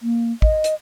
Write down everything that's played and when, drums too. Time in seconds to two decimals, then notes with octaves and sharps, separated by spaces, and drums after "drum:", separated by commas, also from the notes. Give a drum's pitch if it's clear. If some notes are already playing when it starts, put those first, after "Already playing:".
0.01 A#3
0.42 D#5, drum: kick
0.64 drum: hi-hat